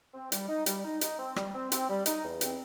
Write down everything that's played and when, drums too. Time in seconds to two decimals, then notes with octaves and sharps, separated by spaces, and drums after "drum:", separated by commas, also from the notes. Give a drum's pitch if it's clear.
0.14 C4
0.32 G3, drum: hi-hat
0.49 D#4
0.66 G3, drum: hi-hat
0.84 D#4
1.01 D#4, drum: hi-hat
1.19 C4
1.36 G3, drum: rim click
1.54 C4
1.72 C4, drum: hi-hat
1.89 G3
2.06 D#4, drum: hi-hat
2.24 E2
2.41 C4, drum: hi-hat